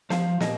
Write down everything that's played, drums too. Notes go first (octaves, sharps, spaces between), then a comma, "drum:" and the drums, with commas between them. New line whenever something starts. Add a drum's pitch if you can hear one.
F3 F5, drum: snare
A#2 D#5, drum: snare